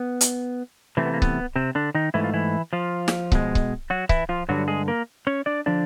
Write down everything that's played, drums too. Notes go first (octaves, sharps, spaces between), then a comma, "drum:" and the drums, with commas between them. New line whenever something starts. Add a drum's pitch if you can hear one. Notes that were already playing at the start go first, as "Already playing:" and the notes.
Already playing: B3
drum: hi-hat
C3 E3 A3 C4
B3
A#3
B3, drum: kick C#1
C3 C4
D3 D4
D#3 D#4
G#2 E3 A3 E4
F4
E3 E4
F3 F4
drum: snare
B2 G#3, drum: kick C#1
drum: kick C#1
F#3 F#4
E3 E4, drum: kick C#1
F3 F4
G2 D3 F#3 G3 F#4
G#3 G#4
A#3 A#4
C#4 C#5
D4 D5
D3 F3 D4 D5